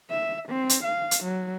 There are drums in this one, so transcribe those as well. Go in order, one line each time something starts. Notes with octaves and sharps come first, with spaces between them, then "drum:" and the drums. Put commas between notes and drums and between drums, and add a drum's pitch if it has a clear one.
E5
C4
drum: hi-hat
F5
drum: hi-hat
F#3